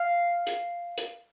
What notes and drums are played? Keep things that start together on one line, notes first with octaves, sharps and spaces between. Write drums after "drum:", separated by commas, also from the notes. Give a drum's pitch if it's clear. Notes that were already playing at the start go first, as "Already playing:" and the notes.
Already playing: F5
drum: hi-hat
drum: hi-hat